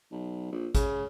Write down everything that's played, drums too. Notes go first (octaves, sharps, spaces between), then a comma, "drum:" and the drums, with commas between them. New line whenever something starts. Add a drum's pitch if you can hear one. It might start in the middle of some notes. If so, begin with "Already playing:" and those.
B1
A#1
C#3, drum: kick, hi-hat